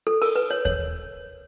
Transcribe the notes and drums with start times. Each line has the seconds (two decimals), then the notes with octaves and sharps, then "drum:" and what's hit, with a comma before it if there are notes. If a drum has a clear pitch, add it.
0.07 A4
0.22 A#4, drum: open hi-hat
0.36 B4
0.50 C#5
0.65 C#5, drum: kick D#2